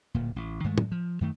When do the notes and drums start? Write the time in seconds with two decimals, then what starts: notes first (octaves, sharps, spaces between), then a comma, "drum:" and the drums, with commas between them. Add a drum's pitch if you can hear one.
0.14 D1 A#2
0.36 A1
0.64 G2 D#3 G#3 A3
0.78 drum: tom
0.92 F3
1.21 F#2 D#3 A3